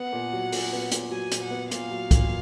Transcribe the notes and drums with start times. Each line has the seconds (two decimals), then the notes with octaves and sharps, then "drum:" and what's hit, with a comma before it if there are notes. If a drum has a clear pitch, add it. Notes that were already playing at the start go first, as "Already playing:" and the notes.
Already playing: B3 F#5
0.13 A#2
0.33 F#3
0.52 A#2, drum: open hi-hat
0.73 B3
0.92 A#2, drum: hi-hat
1.11 F#3 G#5
1.32 A#2, drum: hi-hat
1.42 F#5
1.51 B3
1.71 A#2 F5, drum: hi-hat
1.91 F#3
2.11 A#2, drum: kick C2, hi-hat